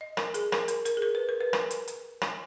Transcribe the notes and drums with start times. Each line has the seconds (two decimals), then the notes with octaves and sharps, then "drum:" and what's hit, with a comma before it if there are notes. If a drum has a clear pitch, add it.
0.01 D#5
0.17 A#4, drum: rim click
0.34 G#4, drum: hi-hat
0.52 A#4, drum: rim click
0.68 A#4, drum: hi-hat
0.85 A#4, drum: hi-hat
0.97 G#4
1.02 A#4
1.15 B4
1.29 A#4
1.40 B4
1.53 A#4, drum: rim click
1.71 drum: hi-hat
1.88 drum: hi-hat
2.22 drum: rim click